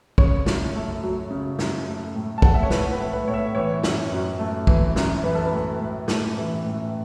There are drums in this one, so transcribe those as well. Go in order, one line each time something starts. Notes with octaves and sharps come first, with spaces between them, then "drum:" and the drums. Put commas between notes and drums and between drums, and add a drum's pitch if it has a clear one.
C#3 C#5, drum: kick
F#2, drum: snare
A3
F#3
C#3
F#2, drum: snare
A3
A2
A5
A3 F#5, drum: kick
E5
C#5
A2 B4, drum: snare
B4
A3
B4
A2 C#5
E5
E3 C#5
F#2, drum: snare
F#2
A3
E3, drum: kick
F#2, drum: snare
E3 B4
A4
B4
A2
A2
A3, drum: snare
E3
A2